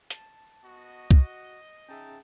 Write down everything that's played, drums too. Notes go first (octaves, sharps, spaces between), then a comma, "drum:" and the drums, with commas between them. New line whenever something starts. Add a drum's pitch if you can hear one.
A5, drum: hi-hat
B3 F#4 D#5
F#4, drum: kick C2
C#4 D#4 G#4 E5 G5 A5